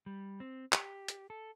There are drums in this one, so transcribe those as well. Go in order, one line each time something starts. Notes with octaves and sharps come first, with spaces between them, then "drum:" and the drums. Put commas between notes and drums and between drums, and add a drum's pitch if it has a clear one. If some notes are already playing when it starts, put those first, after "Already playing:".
G3
C4
G4, drum: clap
drum: hi-hat
A4